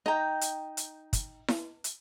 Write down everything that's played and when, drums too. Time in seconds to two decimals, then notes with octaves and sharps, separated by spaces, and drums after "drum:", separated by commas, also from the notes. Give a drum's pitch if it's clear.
0.06 D#4 D#5 G5 A#5
0.41 drum: hi-hat
0.77 drum: hi-hat
1.13 drum: kick, hi-hat
1.48 drum: snare E4
1.84 drum: hi-hat